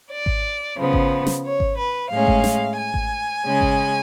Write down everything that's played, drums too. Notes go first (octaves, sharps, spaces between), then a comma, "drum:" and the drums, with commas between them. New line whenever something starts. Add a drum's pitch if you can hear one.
D5
drum: kick G#1
C#3 F3 B3
drum: kick G#1
drum: snare
C#5
drum: kick G#1
B4
A2 G#3 C#4 F5
drum: kick G#1
drum: snare
G#5
drum: kick G#1
C#3 G#3 C#4
drum: kick G#1